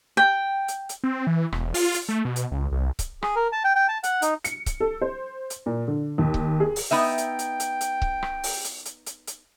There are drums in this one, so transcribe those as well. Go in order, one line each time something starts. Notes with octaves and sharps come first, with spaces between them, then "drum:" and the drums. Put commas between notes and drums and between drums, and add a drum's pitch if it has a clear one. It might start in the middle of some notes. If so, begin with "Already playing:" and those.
G5
drum: hi-hat
drum: hi-hat
C4
E3
E1, drum: rim click
F4, drum: open hi-hat
drum: hi-hat
A3
B2
drum: hi-hat
C#2
C2
drum: kick C#1, hi-hat
G#4, drum: rim click
A#4
A5
G5
G5
A5
F#5, drum: hi-hat
D#4, drum: hi-hat
C#7, drum: hi-hat
drum: kick C#1, hi-hat
A4
C5
drum: hi-hat
A#2
D3
D#2
drum: kick C#1
G#4
drum: open hi-hat
B3 D#4 E5 G5
drum: hi-hat
drum: hi-hat
drum: hi-hat
drum: hi-hat
drum: kick C#1
drum: rim click
drum: open hi-hat
drum: hi-hat
drum: hi-hat
drum: hi-hat
drum: hi-hat